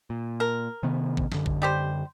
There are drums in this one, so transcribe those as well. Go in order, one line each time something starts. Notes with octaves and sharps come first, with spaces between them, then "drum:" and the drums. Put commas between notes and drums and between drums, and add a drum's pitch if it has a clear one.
A#2
A#4
C3 D#3 B3
drum: kick
F#2 D3, drum: snare
drum: kick
G3 G4 C5